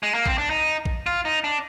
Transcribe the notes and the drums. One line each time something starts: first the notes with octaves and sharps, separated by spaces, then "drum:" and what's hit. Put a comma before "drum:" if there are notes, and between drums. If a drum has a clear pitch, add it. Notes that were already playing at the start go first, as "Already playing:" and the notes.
G#3
A#3
C4, drum: kick A#1
D4
D#4
drum: kick A#1
F4
D#4
D4